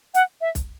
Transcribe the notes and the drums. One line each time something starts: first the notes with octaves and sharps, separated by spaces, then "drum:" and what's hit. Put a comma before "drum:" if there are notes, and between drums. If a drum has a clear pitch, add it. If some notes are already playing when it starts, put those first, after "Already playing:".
F#5, drum: hi-hat
E5
drum: kick B1, hi-hat